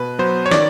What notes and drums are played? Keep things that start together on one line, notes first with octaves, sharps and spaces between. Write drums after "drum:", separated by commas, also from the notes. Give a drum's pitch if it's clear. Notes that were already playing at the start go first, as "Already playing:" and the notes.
Already playing: B2 B4
F#3 B3 C5
C#5
D#3 D5, drum: snare